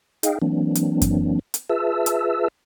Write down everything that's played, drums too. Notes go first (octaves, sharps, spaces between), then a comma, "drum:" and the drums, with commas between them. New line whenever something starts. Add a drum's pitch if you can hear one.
D#4 G#4 D#5 F5 G5, drum: hi-hat
E3 F#3 A#3 C4 D4
drum: hi-hat
drum: kick F#2, hi-hat
drum: hi-hat
F4 G#4 B4 E5 A5 E6
drum: hi-hat